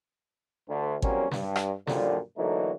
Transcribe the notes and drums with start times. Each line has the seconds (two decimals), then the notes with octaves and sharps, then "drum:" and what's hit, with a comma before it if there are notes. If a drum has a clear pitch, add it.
0.69 D2
1.02 E2 F#3 G3 A#3 C4 C#4, drum: kick
1.31 G2, drum: snare
1.56 drum: rim click
1.87 F#2 A#2 D3 D#3 F3 G3, drum: snare
2.38 D3 E3 F#3 A3 A#3 D#4